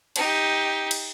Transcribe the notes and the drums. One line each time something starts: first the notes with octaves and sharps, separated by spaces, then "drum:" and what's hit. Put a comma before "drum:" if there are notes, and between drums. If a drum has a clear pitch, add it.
D#4 G4, drum: cymbal
drum: cymbal